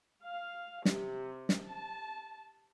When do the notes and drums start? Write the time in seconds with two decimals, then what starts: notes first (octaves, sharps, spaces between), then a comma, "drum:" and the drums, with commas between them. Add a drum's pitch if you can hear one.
0.25 F5
0.85 C3, drum: snare
1.49 drum: snare
1.67 A5